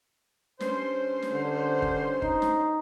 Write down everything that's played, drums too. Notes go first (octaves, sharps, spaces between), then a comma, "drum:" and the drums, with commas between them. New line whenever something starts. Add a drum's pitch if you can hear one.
G2 C#4 C5, drum: snare
drum: snare
D3
drum: kick G1
D#4, drum: kick G1
drum: snare